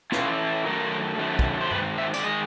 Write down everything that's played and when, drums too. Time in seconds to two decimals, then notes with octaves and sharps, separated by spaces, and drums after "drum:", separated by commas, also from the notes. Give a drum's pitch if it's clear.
0.12 A2 E3 A3 C#4 E4 F4, drum: snare
0.65 F#2 D#3 F#3 A3 A#4
1.18 F#2 D#3 F#3 A3
1.39 drum: kick
1.61 C5
1.71 G#2 D#3 C4 B4, drum: tom G2
1.98 E5
2.14 D5, drum: tambourine
2.23 D#3 G#3 D#5